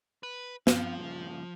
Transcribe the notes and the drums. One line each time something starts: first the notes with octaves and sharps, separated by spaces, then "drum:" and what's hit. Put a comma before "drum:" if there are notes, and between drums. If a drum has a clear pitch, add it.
B4
F3 B3 C4 F5, drum: snare
G2 A#2 C#3